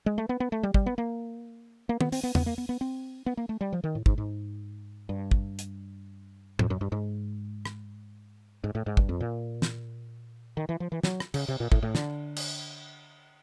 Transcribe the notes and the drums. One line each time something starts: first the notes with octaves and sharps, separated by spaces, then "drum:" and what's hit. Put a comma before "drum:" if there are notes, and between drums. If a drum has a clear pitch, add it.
G#3
A3
B3
B3
A3
G3
G3, drum: kick
B3
A#3
A#3
B3, drum: tom
C4, drum: open hi-hat
B3
B3, drum: tom E2
A#3
B3
B3
C4
B3
A#3
A3
G3
F3
D#3
A2
G#2, drum: kick
G#2
G2
drum: kick
drum: hi-hat
F2, drum: tom A2
F#2
G2
G#2
drum: rim click
G#2
A2
G#2
G2, drum: kick
F2
A#2
drum: snare
D#3
E3
F3
E3
F#3, drum: snare
drum: rim click
C#3, drum: cymbal
C3
A#2
A2, drum: kick
A2
D3, drum: snare
drum: cymbal